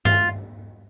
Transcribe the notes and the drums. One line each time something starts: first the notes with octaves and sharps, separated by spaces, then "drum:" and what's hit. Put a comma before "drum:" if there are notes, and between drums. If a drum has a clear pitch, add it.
F4, drum: tom G2